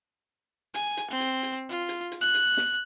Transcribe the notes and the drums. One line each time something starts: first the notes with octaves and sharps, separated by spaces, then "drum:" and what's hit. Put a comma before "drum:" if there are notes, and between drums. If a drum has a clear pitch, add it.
G#5, drum: hi-hat
drum: hi-hat
C4
drum: hi-hat
drum: hi-hat
F4
drum: hi-hat
drum: hi-hat
F#6
drum: hi-hat
drum: snare